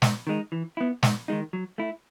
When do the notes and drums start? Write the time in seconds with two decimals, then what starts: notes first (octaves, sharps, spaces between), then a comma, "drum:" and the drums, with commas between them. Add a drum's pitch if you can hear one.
0.02 G#2, drum: snare
0.27 D#3 G#3 D#4
0.52 E3
0.77 B3 E4
1.03 G#2, drum: snare
1.28 D#3 G#3 D#4
1.53 F#3
1.78 A3 E4